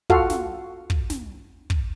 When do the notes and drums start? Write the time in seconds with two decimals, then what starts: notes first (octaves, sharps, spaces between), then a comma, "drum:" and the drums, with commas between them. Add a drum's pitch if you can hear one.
0.10 F4 F#4 A4 F5, drum: kick
0.30 drum: snare
0.90 drum: kick
1.10 drum: snare
1.70 drum: kick